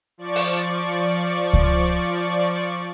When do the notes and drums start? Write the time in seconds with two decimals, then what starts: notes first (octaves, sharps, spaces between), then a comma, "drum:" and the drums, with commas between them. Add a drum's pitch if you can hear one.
0.18 F3 D5 C#6
0.36 drum: open hi-hat
1.53 drum: kick C#2